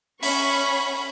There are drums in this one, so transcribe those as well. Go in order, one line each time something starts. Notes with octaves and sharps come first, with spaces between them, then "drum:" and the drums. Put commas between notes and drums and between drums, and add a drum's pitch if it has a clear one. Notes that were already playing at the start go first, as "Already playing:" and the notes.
C#4 B5 C#6, drum: open hi-hat